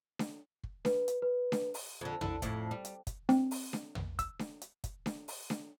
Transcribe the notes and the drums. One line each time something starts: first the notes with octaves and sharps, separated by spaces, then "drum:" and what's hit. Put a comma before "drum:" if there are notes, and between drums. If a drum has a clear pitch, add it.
drum: snare D4
drum: kick
B4, drum: snare D4
drum: hi-hat
B4
drum: snare D4
drum: open hi-hat
F2 D3
D3 E4, drum: tom
F2 A2, drum: kick, hi-hat
G3
drum: hi-hat
drum: kick, hi-hat
C4, drum: snare D4
drum: open hi-hat
drum: snare D4
drum: tom
E6, drum: kick, hi-hat
drum: snare D4
drum: hi-hat
drum: kick, hi-hat
drum: snare D4
drum: open hi-hat
drum: snare D4